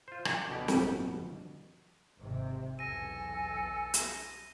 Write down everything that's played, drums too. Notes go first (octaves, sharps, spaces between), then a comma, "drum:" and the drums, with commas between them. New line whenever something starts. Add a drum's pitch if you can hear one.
F4 C5
D5 F#5, drum: rim click
D2 B2 D3 G4
G#1 F#2 A#2, drum: snare
D3 F3 G3
G#1 C3
B1 E2 A4 G#5 A#6 D#7
drum: hi-hat